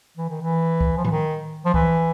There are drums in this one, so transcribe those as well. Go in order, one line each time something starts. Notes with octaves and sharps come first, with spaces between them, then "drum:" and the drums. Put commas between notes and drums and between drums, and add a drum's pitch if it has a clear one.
E3
D#3
E3
drum: kick C#2
F3
E3, drum: tom A2
D#3
F3
E3, drum: kick C#2